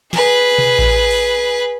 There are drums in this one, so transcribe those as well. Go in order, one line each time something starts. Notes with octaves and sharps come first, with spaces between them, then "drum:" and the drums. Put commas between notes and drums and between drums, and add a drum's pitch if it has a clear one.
G#4 B4, drum: snare
drum: tom B2
drum: kick A1
drum: open hi-hat